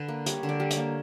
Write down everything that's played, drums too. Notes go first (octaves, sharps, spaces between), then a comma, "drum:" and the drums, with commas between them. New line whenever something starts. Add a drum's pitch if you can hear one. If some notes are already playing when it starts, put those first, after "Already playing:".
Already playing: D3 B4
A#3
G3 C#5, drum: hi-hat
D3
D5
G3
C#5, drum: hi-hat
A#3